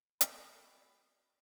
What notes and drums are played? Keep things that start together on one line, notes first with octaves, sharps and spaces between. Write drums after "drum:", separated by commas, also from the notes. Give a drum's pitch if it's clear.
F#4 A4 B4 E5 B5, drum: hi-hat